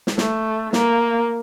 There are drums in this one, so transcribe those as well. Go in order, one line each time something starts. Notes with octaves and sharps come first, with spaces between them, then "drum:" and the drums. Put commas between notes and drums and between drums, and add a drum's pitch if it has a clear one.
drum: snare
A3, drum: snare
A#3, drum: snare